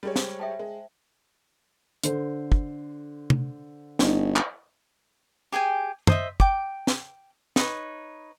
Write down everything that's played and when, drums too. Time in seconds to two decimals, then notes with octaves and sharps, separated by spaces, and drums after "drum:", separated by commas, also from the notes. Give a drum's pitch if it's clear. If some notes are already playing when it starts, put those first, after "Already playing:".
0.03 G3 G#3 C#5
0.16 C5, drum: snare
0.40 E5 G5 A5
0.59 G#3
2.03 D3 C5, drum: hi-hat
2.52 drum: kick
3.30 drum: tom
3.99 G1 C#4 D#4, drum: snare
4.36 drum: clap
5.52 G4 G#4 G5 G#5
6.07 C5 D#5 E5, drum: tom
6.40 G5 D6, drum: kick
6.87 drum: snare
7.56 D#4 B4 C#5, drum: snare